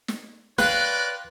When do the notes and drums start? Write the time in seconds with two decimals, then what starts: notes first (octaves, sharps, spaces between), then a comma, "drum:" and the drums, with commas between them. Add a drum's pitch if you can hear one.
0.08 drum: snare
0.58 A#4 B4 C#5 D5 F5 G5 C6 F#6, drum: snare